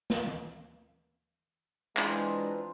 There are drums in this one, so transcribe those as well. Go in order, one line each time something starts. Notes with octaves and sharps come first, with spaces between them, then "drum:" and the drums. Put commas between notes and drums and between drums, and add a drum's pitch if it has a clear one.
drum: snare
drum: tom E3
E3 G#3 C4 D4 F4 A#5, drum: clap